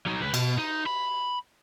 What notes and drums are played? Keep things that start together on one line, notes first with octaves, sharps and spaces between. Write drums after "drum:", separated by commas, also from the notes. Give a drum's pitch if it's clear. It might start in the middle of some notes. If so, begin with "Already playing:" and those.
F#3 D#4
C#2 B4
B2, drum: cymbal
D#4
B5